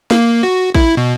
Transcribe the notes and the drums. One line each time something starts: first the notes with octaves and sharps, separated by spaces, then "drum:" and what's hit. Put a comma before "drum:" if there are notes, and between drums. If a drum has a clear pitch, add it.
A#3, drum: snare
F#4
E4, drum: kick
B2